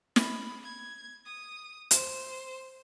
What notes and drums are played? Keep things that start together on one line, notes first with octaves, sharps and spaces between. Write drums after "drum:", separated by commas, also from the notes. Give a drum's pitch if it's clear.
B5, drum: snare
G#6
D#6
C5, drum: hi-hat